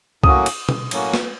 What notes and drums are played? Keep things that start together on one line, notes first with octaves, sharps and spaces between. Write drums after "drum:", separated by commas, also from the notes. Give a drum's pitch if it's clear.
A2 F#3 A#3 C#4 F#4 D#6, drum: kick C2
drum: cymbal
drum: tom
A2 F#3 A#3 C#4 F#4, drum: cymbal
drum: snare